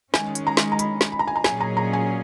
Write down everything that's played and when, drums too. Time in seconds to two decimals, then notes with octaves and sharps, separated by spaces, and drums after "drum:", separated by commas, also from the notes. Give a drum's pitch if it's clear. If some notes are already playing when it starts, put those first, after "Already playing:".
0.14 D#3 G#3 C#4 G#5, drum: snare
0.35 drum: hi-hat
0.47 A#5
0.57 drum: snare
0.72 A#5
0.79 B5, drum: hi-hat
1.01 drum: snare
1.12 B5
1.19 A#5
1.28 G#5
1.36 A#5
1.44 A#2 F#3 C#4 G#4 G#5, drum: snare
1.61 A#5
1.77 A#5
1.93 G#5